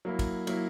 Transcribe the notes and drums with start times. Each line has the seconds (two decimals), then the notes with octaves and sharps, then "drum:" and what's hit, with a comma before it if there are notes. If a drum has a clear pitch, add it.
0.05 F#3 A#3 E4
0.19 drum: kick, cymbal
0.47 F#3 A#3 E4, drum: cymbal